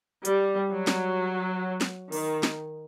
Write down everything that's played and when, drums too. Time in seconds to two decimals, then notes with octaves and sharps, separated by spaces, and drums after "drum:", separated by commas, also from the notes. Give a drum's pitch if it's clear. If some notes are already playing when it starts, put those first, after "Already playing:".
0.25 G3, drum: hi-hat
0.71 F#3
0.87 drum: snare
1.81 drum: snare
2.12 D#3, drum: open hi-hat
2.43 drum: snare